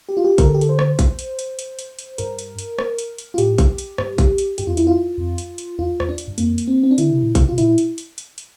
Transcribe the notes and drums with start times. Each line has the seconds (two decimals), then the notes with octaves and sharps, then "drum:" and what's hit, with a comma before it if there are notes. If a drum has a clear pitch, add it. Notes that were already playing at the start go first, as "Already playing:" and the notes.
0.09 G4
0.17 F4
0.25 G4
0.38 D3 A#4, drum: kick A#1, hi-hat
0.46 A4
0.54 G4
0.61 A4, drum: hi-hat
0.69 C5
0.79 drum: rim click
0.99 drum: kick A#1, hi-hat
1.19 drum: hi-hat
1.39 drum: hi-hat
1.59 drum: hi-hat
1.79 drum: hi-hat
1.99 drum: hi-hat
2.18 G2 A#4, drum: hi-hat
2.39 drum: hi-hat
2.59 drum: hi-hat
2.79 drum: rim click
2.98 drum: hi-hat
3.18 drum: hi-hat
3.34 F4
3.38 A2 G4, drum: hi-hat
3.58 drum: kick A#1, hi-hat
3.78 drum: hi-hat
3.98 G2, drum: rim click
4.18 drum: kick A#1, hi-hat
4.38 drum: hi-hat
4.58 G2 G4, drum: hi-hat
4.66 F2 F4
4.73 E2
4.77 F2 E4, drum: hi-hat
4.87 F4
5.18 F2
5.38 drum: hi-hat
5.58 drum: hi-hat
5.78 E2 F4
6.00 E2, drum: rim click
6.09 D4
6.18 drum: hi-hat
6.27 G2
6.38 F2 A#3, drum: hi-hat
6.58 drum: hi-hat
6.67 C4
6.83 C4
6.91 D4
6.98 D3 E4, drum: hi-hat
7.11 C3
7.23 A#2
7.35 C3, drum: kick A#1, hi-hat
7.49 C3 F4
7.58 A#2 E4, drum: hi-hat
7.78 drum: hi-hat
7.98 drum: hi-hat
8.18 drum: hi-hat
8.38 drum: hi-hat